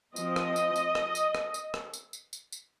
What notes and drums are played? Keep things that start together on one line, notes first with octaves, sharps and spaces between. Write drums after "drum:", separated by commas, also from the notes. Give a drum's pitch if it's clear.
F3 C4 D#5, drum: tambourine
drum: rim click
drum: tambourine
drum: tambourine
drum: rim click
drum: tambourine
drum: rim click
drum: tambourine
drum: rim click
drum: tambourine
drum: tambourine
drum: tambourine
drum: tambourine